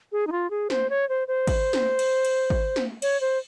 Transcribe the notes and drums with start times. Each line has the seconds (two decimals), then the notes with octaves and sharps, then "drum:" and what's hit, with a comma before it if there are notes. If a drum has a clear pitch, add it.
0.12 G#4
0.27 D#4
0.32 F4
0.50 G#4
0.70 C5, drum: snare
0.90 C#5
1.09 C5
1.28 C5
1.47 drum: kick G#1, cymbal
1.73 drum: snare
1.99 drum: cymbal
2.25 drum: cymbal
2.50 drum: kick G#1
2.76 drum: snare
3.02 C#5, drum: cymbal
3.21 C5